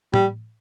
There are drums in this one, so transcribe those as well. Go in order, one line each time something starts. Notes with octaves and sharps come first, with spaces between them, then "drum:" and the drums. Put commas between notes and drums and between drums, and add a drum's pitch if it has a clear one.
G3, drum: tom A2